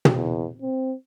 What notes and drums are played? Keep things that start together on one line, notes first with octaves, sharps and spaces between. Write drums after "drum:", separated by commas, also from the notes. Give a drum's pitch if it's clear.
drum: tom
E2
C4